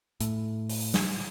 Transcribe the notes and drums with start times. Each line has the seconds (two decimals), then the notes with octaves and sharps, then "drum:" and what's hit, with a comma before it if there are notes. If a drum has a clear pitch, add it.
0.21 A2, drum: hi-hat
0.70 drum: open hi-hat
0.94 drum: snare